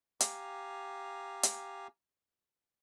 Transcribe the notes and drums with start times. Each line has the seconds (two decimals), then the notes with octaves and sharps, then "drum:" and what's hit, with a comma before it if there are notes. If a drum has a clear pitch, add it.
0.21 G4 F5 G#5 A#5, drum: hi-hat
1.43 drum: hi-hat